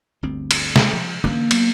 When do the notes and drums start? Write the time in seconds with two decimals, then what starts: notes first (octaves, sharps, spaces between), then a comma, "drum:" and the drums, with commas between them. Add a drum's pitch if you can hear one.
0.23 G1 D2 C4
0.51 drum: cymbal
0.76 drum: snare
0.93 F3
1.24 D3 E3 A#3 C#4
1.51 F#3 B3, drum: cymbal